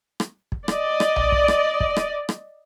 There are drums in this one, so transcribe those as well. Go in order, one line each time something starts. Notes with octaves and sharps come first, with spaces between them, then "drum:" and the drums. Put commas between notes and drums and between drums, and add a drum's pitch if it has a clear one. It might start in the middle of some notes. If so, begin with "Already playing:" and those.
drum: rim click
drum: kick
D5 D#5, drum: rim click
drum: rim click
drum: tom B1
drum: kick
drum: rim click
drum: kick
drum: rim click
drum: rim click